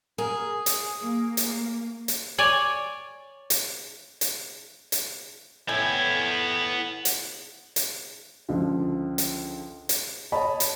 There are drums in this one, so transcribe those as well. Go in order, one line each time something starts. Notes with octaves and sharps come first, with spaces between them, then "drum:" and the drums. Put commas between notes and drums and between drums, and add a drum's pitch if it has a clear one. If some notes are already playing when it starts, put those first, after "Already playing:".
G#4 A#4
drum: hi-hat
A#3
drum: hi-hat
drum: hi-hat
C#5 D5 G#5
drum: hi-hat
drum: hi-hat
drum: hi-hat
A2 B3 E4 G5 G#5
drum: hi-hat
drum: hi-hat
C#2 D3 F3
drum: hi-hat
drum: hi-hat
C#5 D#5 A5 B5
drum: hi-hat